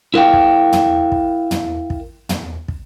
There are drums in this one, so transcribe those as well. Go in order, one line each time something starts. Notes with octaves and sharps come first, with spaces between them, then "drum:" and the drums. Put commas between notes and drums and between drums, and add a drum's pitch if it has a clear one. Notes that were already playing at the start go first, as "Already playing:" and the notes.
E4 A#4 F5 G5
drum: kick
drum: tom
drum: kick
drum: tom
drum: kick
drum: tom
drum: kick